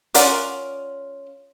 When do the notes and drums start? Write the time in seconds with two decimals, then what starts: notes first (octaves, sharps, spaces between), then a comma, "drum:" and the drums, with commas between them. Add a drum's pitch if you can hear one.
0.14 C#4 F4 A#4 D5 F#5, drum: hi-hat